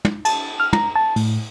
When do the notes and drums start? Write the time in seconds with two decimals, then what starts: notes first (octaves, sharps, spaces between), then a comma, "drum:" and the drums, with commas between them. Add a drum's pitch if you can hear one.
0.05 drum: tom
0.25 A5, drum: cymbal
0.60 F6
0.73 A#5, drum: tom
0.96 A5
1.16 A2, drum: open hi-hat